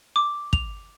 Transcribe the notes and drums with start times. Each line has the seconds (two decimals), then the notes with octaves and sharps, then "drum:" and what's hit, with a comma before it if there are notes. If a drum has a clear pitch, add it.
0.16 D6
0.53 F7, drum: kick